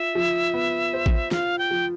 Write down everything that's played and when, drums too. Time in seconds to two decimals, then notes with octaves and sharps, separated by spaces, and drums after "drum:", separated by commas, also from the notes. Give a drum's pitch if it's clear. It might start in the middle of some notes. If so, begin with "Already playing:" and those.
Already playing: F4 E5
0.15 F3
0.54 B3
0.93 C5
1.06 drum: kick A1
1.31 F4 F5, drum: snare
1.58 G5
1.71 F3